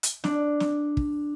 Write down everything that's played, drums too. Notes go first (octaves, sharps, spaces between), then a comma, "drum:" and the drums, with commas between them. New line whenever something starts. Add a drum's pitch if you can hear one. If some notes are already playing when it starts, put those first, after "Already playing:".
drum: hi-hat
D4, drum: snare
drum: snare
drum: kick